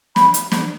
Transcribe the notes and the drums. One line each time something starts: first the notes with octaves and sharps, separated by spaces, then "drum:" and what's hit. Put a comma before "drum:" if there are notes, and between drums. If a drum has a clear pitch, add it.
B5, drum: snare
drum: hi-hat
drum: snare